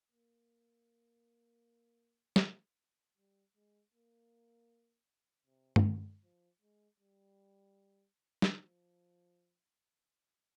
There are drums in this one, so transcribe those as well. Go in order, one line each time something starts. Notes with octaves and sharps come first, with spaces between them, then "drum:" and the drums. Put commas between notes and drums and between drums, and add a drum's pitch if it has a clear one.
A#3
drum: snare
G3
G#3
A#3
C3
drum: tom
D3
F3
G#3
G3
drum: snare
F3